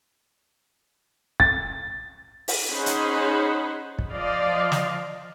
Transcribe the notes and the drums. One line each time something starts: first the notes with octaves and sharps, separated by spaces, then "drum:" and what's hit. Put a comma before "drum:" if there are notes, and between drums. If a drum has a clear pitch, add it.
A6, drum: kick
drum: open hi-hat
C#4 D#4 G#4 C5 F#5 B5
drum: hi-hat
drum: kick
F3 D5 D#5 F5
drum: snare